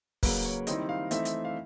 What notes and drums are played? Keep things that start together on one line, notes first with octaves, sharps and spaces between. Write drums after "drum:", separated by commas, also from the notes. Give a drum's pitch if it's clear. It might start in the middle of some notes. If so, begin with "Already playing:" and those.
C#3 F#3 A#3 B4, drum: kick, open hi-hat
C#5
D#3 G3 C4 E4 D#5, drum: hi-hat
F5
E3 A3 C4 D#4 E5, drum: hi-hat
drum: hi-hat
F5